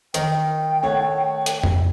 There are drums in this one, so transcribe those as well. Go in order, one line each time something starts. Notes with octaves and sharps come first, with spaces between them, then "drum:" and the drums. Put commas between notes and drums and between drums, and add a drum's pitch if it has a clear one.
D#3 G5, drum: hi-hat
A3 C#5 F#5
drum: hi-hat
drum: tom F2